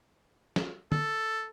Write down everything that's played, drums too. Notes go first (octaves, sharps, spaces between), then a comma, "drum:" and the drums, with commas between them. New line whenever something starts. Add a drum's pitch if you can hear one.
drum: snare
A4, drum: tom